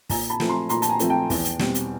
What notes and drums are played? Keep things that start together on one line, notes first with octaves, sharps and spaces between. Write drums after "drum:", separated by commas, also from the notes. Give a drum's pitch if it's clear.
A#2 G#5 A#5, drum: kick, open hi-hat
A5 B5
F3 A3 C4, drum: snare
A#5 C6
A#2 A#5 C6, drum: hi-hat
A5, drum: hi-hat
G#5 A#5
F3 A3 C4, drum: hi-hat
G5 A5
E2, drum: kick, open hi-hat
drum: hi-hat
B2 G3 C4, drum: snare
drum: hi-hat